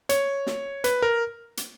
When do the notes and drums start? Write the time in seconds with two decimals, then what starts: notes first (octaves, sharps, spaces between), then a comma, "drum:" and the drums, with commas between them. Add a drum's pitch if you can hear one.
0.09 C#5, drum: hi-hat
0.47 drum: snare
0.84 B4, drum: hi-hat
1.02 A#4
1.57 drum: hi-hat